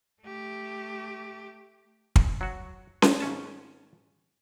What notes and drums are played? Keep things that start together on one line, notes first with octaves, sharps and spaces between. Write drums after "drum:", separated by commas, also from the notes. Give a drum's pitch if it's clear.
A3 G4
drum: kick
F#3 F#4
D#4, drum: snare C#4
G#1 C#4 A5